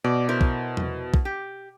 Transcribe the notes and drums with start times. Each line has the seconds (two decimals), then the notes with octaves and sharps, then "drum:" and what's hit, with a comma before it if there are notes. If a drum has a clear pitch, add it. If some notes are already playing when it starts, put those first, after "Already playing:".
0.04 B2 D5
0.29 E4 A#4 C5
0.41 drum: kick A#1
0.77 drum: tom
1.14 drum: kick A#1
1.25 G4